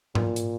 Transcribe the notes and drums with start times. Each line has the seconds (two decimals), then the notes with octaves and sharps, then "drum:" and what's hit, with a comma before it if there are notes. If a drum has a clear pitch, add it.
0.15 A#2, drum: tom G#2
0.36 drum: hi-hat